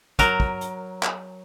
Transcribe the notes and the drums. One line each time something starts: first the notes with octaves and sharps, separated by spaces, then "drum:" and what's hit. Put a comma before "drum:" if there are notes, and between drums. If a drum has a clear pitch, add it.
F#3 A#4, drum: kick, hi-hat
drum: kick
drum: hi-hat
drum: clap